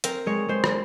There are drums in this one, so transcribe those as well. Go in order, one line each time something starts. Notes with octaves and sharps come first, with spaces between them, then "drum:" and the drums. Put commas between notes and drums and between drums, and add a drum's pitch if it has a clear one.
C4 A#4, drum: hi-hat
G#3 C#5
G#3 C5
drum: rim click